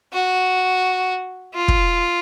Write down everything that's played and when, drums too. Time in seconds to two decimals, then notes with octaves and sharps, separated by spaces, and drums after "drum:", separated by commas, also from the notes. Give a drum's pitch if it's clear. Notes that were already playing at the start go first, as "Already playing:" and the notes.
0.13 F#4
1.54 F4
1.68 drum: kick